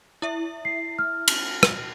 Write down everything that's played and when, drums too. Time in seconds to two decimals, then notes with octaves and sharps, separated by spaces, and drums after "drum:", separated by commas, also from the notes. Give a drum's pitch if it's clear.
0.22 E4 E5
0.65 C7
0.99 F6
1.28 drum: cymbal
1.63 drum: rim click